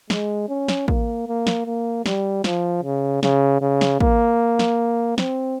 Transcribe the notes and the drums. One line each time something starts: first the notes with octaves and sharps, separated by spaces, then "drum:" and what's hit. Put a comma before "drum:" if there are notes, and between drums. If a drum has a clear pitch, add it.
G#3, drum: snare
C#4
drum: snare
A#3, drum: kick
A#3
drum: snare
A#3
G3, drum: snare
F3, drum: snare
C#3
C#3, drum: snare
C#3
drum: snare
A#3, drum: kick
drum: snare
C4, drum: snare